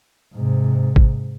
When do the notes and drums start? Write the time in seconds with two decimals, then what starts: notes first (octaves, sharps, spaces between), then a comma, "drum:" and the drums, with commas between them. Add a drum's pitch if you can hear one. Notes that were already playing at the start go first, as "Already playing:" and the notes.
0.34 G#2 C3
0.96 drum: kick G#1